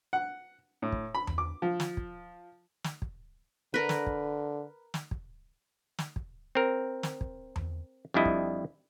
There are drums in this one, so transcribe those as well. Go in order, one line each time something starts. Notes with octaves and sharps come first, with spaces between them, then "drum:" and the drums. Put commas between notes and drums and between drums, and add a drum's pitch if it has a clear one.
F#5
A2
drum: kick
B5
drum: tom E2
D6
F3
drum: snare
drum: kick
drum: snare
drum: kick
D3 A#4 B4
drum: snare
drum: kick
drum: snare
drum: kick
drum: snare
drum: kick
C4 A#4
drum: snare
drum: kick
drum: tom E2
F2 G3 D4 E4 D#5
drum: kick